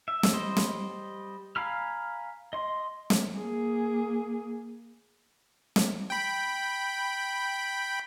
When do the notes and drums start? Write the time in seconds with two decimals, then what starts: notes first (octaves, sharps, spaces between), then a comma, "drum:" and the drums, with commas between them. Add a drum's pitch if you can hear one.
0.08 E5
0.23 drum: snare
0.33 G3 C5 D#5
0.56 drum: snare
1.56 F5 G#5 A#5 B5 F6
2.53 D#5 C6
3.10 drum: snare
3.36 A#3 G#4
5.76 drum: snare
6.10 G5 B5